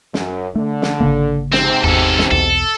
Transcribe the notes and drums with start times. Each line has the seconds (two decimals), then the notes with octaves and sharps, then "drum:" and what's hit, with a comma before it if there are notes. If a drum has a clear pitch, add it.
0.14 F#2, drum: snare
0.55 D3 A3
0.82 drum: snare
1.01 G#1 C#3 A#3
1.53 G#2 C3 C4, drum: snare
1.84 G#1 E2 C#4 A4
2.19 drum: snare
2.31 B1 E2 B2 A4